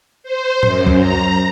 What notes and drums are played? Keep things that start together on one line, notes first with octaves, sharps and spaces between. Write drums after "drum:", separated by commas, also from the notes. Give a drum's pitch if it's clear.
C5
F#2, drum: tom A2
drum: kick
A#5